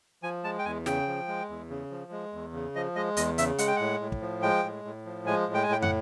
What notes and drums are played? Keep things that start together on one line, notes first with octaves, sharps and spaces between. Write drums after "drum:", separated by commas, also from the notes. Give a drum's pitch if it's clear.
F3 G#5
G#3 A5
G5
E2 G#5
C#3 G5, drum: snare
F3
G#3
E2
C#3
F3
G#3
E2
C#3
F3 D#5
G#3 D#5
E2 D#5, drum: hi-hat
C#3 E5, drum: hi-hat
G#3 F#5, drum: hi-hat
G5
A2 F#5
A2
drum: kick
F3
G#3 G5
A2
A2
F3
G#3 G#5
A2
G5
G#5
A2 G5
F#5, drum: tom